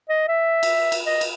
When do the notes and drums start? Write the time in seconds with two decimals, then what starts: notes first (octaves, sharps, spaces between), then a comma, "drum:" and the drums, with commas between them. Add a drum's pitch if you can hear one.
0.09 D#5
0.28 E5
0.63 drum: cymbal
0.92 drum: cymbal
1.06 D#5
1.21 drum: cymbal